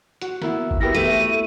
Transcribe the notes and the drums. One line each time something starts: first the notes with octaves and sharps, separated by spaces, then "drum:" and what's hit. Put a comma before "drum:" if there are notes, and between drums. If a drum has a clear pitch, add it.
F#4, drum: hi-hat
A#3 B3 E4, drum: snare
drum: kick G1
B3 E4 G4 A#4 A#6
A3 D#7